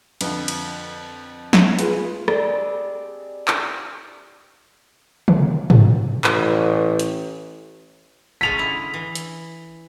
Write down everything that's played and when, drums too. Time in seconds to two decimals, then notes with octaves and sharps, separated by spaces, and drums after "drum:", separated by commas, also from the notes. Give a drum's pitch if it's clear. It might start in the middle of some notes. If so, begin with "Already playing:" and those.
0.21 F2 D3 B4, drum: cymbal
0.48 drum: cymbal
1.53 drum: snare
1.79 F4 G#4 B4, drum: hi-hat
2.28 G3 G#3 C4 D4, drum: rim click
3.48 drum: clap
5.28 drum: tom
5.70 drum: tom
6.24 A1, drum: clap
6.99 drum: hi-hat
8.41 G#3 C#4 F4 B6 F7
8.58 D3 E4
8.94 E3
9.15 drum: hi-hat